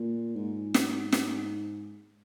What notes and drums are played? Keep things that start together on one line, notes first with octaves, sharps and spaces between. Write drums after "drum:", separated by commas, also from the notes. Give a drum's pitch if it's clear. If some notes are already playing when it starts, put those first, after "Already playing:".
Already playing: A#2
G#2
drum: snare
drum: snare